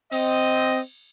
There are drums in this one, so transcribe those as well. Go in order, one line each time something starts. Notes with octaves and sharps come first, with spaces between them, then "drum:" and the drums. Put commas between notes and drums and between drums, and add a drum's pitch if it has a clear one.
C4 D#5, drum: cymbal